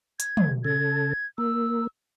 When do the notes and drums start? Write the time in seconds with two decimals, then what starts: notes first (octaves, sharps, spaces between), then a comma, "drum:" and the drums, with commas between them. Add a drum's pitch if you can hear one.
0.20 G#6, drum: hi-hat
0.37 drum: tom
0.65 C#3 A4 G#6
1.38 A#3 E6